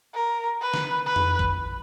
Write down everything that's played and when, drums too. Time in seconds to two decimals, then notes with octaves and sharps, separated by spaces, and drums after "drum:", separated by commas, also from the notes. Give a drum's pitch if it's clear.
0.14 A#4
0.61 B4
0.74 drum: snare
1.06 B4
1.16 drum: tom F2
1.39 drum: kick